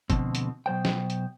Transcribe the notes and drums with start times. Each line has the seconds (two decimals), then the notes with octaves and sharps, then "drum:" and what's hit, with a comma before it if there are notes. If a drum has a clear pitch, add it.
0.10 D2 G2 B2 D3 F3 C4, drum: kick, hi-hat
0.35 drum: hi-hat
0.66 B2 F#3 C5 G5
0.85 drum: snare
1.10 drum: hi-hat